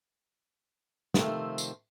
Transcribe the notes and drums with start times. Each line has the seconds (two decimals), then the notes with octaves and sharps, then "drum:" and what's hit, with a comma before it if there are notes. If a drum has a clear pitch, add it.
1.14 C3 D#3 F3 A3 C4, drum: snare
1.58 drum: tambourine